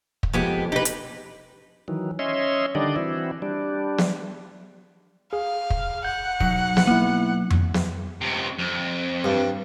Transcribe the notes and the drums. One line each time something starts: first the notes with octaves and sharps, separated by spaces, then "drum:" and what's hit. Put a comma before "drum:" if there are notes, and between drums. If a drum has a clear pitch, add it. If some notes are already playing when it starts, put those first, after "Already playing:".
drum: kick
F2 G#3 B3 G4
D#4 G4 B4
drum: hi-hat
D#3 E3 F#3
C#4 C#5 D#5 E5 C6
D3 D#3 G3 D4 D5 D#5
E3 C4 E4 F#4
G3 D4
drum: snare
G#4 F5
drum: kick
F#5 G6
B2 F#3 D#4 C#7, drum: kick
drum: snare
A#3 B3 E4
drum: tom F2
drum: snare
C#2 C3
F2
G2